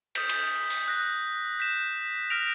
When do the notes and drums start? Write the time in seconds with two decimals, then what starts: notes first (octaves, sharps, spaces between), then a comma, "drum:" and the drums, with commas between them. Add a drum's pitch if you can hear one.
0.15 D#6 G6 B6, drum: cymbal
0.29 drum: cymbal
0.70 drum: open hi-hat
0.87 D#6 F#6 A#6
1.59 G6 B6 E7
2.30 F6 A#6 D7 F7